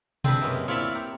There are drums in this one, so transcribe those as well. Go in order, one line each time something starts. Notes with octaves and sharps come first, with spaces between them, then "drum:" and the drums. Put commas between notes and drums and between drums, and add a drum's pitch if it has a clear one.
G#3 C4 D4 F4 B4, drum: tom B2
F#2 G#3 A#3 B3 C#4 G4 E5
D2 A#2 C4 E4 C#5 D5 E5 F5
G4 A#4